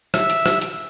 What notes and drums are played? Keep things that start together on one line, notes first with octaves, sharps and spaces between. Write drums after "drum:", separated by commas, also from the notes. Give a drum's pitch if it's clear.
E5, drum: rim click
drum: hi-hat
drum: rim click
drum: hi-hat